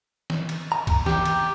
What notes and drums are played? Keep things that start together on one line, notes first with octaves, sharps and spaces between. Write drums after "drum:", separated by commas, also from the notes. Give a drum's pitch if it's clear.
drum: snare
drum: cymbal
A#5
drum: kick C2, cymbal
G4, drum: snare
drum: cymbal